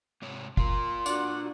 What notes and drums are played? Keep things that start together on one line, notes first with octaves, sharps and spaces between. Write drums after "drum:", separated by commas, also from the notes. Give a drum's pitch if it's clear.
G#2 C3 C#5
F4 A#4 C6, drum: kick
D4 F#4 D5 F#5, drum: tambourine